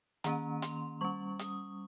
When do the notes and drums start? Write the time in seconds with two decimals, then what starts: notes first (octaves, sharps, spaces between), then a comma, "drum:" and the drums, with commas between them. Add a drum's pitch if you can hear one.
0.24 D#3 A#3 C#4 A#5, drum: hi-hat
0.62 C6, drum: hi-hat
1.01 G3 C#4 C#6
1.39 D#6, drum: hi-hat